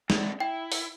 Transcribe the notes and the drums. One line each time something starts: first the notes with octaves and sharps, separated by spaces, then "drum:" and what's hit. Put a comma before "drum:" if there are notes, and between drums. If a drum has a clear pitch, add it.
C3 D4, drum: snare
E4 G5
drum: open hi-hat